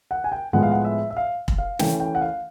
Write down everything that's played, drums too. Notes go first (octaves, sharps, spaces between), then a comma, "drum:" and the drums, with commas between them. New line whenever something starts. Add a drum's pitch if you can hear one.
F#5
G#5
G5
A2 F3 G#3 B3 F#5
F5
F#5
E5
E5
F5
drum: kick
F5
E3 A3 C#4 G5, drum: snare
G5
F#5
F5